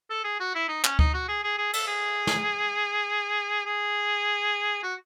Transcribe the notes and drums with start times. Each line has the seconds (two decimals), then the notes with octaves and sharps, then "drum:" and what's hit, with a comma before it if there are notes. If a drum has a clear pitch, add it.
0.10 A4
0.24 G#4
0.40 F#4
0.55 E4
0.69 D#4
0.84 C#4, drum: clap
0.99 D#4, drum: kick D2
1.14 F#4
1.28 G#4
1.44 G#4
1.58 G#4
1.73 A4, drum: cymbal
1.87 G#4
2.27 drum: snare
3.65 G#4
4.83 F#4